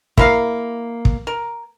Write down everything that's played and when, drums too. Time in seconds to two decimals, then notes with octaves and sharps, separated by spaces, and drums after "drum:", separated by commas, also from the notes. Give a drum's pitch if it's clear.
0.17 A#3 E4 A#4 F5, drum: kick
1.05 drum: kick
1.27 A#4